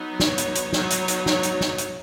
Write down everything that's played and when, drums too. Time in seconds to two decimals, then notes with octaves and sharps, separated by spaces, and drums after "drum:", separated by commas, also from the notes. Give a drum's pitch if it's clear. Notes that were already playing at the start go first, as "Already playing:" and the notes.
Already playing: F#3 B3 D#4
0.20 C#5, drum: snare
0.38 drum: hi-hat
0.55 drum: hi-hat
0.73 F#3 B3 D#4 C#5, drum: snare
0.90 drum: hi-hat
1.08 drum: hi-hat
1.26 C#5, drum: snare
1.43 drum: hi-hat
1.61 drum: snare
1.78 drum: hi-hat